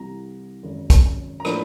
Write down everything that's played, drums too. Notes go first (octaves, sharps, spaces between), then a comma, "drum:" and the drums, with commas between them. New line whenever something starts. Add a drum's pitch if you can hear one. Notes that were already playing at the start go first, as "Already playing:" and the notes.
Already playing: C2 C3 E3 A#5
G#1 F#2 C#3
drum: kick, hi-hat
A#5
A2 F3 A#3 D4 B5, drum: rim click